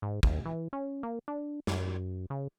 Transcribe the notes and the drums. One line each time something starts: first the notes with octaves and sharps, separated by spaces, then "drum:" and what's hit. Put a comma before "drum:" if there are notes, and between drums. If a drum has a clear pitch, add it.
G#2
D#2, drum: kick
E3
C#4
A#3
D4
F#2, drum: snare
C#3